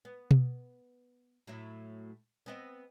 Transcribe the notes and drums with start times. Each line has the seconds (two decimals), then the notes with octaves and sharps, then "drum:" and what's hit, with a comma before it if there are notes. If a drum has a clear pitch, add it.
0.05 B3
0.31 drum: tom B2
1.47 A2 F#3 E4
2.46 B3 C4 D#5